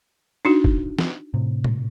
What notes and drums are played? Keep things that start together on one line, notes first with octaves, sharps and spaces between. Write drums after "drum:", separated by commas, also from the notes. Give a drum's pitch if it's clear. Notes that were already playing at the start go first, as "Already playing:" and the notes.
D4 D#4 F#4
drum: kick
drum: snare
A2 C3
drum: tom A#2